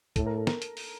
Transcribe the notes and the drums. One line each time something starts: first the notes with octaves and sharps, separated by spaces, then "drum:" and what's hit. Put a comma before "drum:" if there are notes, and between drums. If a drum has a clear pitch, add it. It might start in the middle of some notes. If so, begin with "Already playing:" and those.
A2 A4, drum: kick, hi-hat
A#4
A4
A#4, drum: snare
drum: hi-hat
drum: open hi-hat